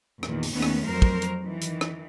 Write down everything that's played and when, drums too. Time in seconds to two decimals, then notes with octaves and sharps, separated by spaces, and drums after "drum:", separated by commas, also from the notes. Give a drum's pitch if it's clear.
0.23 E2 A#2 D#3, drum: rim click
0.43 drum: open hi-hat
0.53 D#2 D#3 A3 B3 C#4
0.62 drum: rim click
0.85 F2 F#3 A#4 C5
1.02 drum: kick
1.22 drum: hi-hat
1.42 D#3 E3
1.61 drum: hi-hat
1.81 drum: rim click